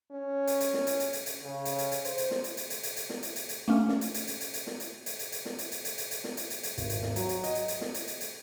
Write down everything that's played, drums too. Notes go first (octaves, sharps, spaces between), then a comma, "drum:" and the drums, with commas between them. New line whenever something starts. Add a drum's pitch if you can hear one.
C#4
drum: hi-hat
drum: hi-hat
drum: snare
drum: hi-hat
drum: hi-hat
drum: hi-hat
drum: hi-hat
C#3
drum: hi-hat
drum: hi-hat
drum: hi-hat
C5, drum: hi-hat
drum: hi-hat
drum: snare
drum: hi-hat
drum: hi-hat
drum: hi-hat
drum: hi-hat
drum: hi-hat
drum: snare
drum: hi-hat
drum: hi-hat
drum: hi-hat
A3 A#3 C#4
drum: snare
drum: hi-hat
drum: hi-hat
drum: hi-hat
drum: hi-hat
drum: hi-hat
drum: snare
drum: hi-hat
drum: hi-hat
drum: hi-hat
drum: hi-hat
drum: snare
drum: hi-hat
drum: hi-hat
drum: hi-hat
drum: hi-hat
drum: hi-hat
drum: snare
drum: hi-hat
drum: hi-hat
drum: hi-hat
G#1, drum: hi-hat
drum: hi-hat
drum: snare
F#3, drum: hi-hat
drum: hi-hat
D#5, drum: hi-hat
drum: hi-hat
drum: hi-hat
drum: snare
drum: hi-hat
drum: hi-hat
drum: hi-hat